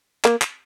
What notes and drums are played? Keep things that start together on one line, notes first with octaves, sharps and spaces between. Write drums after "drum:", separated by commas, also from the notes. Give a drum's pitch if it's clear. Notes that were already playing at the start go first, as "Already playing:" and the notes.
A#3, drum: clap
drum: clap